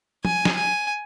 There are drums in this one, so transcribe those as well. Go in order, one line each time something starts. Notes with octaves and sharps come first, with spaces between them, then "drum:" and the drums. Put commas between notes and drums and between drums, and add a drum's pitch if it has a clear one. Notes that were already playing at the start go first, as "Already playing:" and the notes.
G#5, drum: tom
drum: snare
G#5